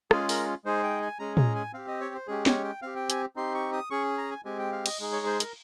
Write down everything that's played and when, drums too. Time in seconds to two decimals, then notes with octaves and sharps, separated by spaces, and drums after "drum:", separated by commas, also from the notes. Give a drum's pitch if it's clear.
0.11 G#3 C#4 F4 G#4, drum: rim click
0.29 A#4, drum: open hi-hat
0.65 G#3 D#4 G#4 C5
0.83 G5
1.02 G#5
1.19 G#3 C#4 G#4 A#5
1.37 A#5, drum: tom
1.55 G#5
1.73 C4 G4 F5
1.88 D#5
2.01 C#5
2.15 C5
2.27 G#3 C#4 G4 G#4
2.46 C#5, drum: snare
2.64 G5
2.82 C4 G4 F5
2.96 G5
3.10 G#5, drum: hi-hat
3.36 C4 D#4 G4 C6
3.54 C#6
3.73 D#6
3.91 C#4 G#4 C#6
4.18 A#5
4.31 G#5
4.45 G#3 C4 G4 G#5
4.59 G5
4.72 F5
4.86 D#5, drum: cymbal
5.00 G#3 D#4 G#4
5.12 C#5
5.26 C5
5.40 A#4, drum: hi-hat